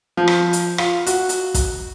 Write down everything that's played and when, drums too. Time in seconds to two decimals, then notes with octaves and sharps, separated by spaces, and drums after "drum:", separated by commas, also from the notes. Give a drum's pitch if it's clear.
0.17 F3
0.28 drum: rim click
0.53 drum: hi-hat
0.78 F4, drum: rim click
1.06 F#4, drum: hi-hat
1.29 drum: hi-hat
1.54 drum: kick, hi-hat